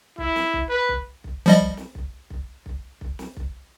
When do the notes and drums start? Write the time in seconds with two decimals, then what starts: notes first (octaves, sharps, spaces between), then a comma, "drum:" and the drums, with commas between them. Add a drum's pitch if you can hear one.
0.18 E4, drum: kick B1
0.36 drum: snare
0.53 drum: kick B1
0.69 B4
0.89 drum: kick B1
1.24 drum: kick B1
1.46 F3 G3 D#5
1.60 drum: kick B1
1.77 drum: snare
1.95 drum: kick B1
2.30 drum: kick B1
2.66 drum: kick B1
3.01 drum: kick B1
3.19 drum: snare
3.37 drum: kick B1